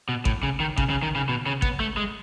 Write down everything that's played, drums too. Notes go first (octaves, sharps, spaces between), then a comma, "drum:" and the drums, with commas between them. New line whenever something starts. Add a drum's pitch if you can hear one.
B2
A2, drum: kick G#1
C#3
D#3
C#3, drum: kick G#1
C#3
D#3
C#3
B2
C#3
B3, drum: kick G#1
A3
G#3